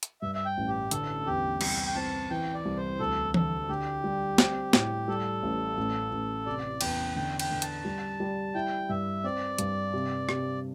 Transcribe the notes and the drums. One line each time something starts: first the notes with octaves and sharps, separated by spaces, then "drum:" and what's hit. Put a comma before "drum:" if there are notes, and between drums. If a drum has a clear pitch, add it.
drum: hi-hat
G2 E5
E5
G5
A1
G4
D3 A4, drum: hi-hat
E2 G4
C2 G5, drum: cymbal
G5
C4 A5
E3 G5
D5
C2
C5
D2 A4
D3 A4, drum: tom E3
D3 G4
G3
C4, drum: snare
A2, drum: snare
G3 A4
A1
A1
A1
C3 D5
E2 G5, drum: cymbal
D3 G5
G5, drum: cymbal
D3
A5, drum: hi-hat
G3
G3
E4 G5
G2 E5
C4 D5
G2, drum: hi-hat
C3
C3, drum: rim click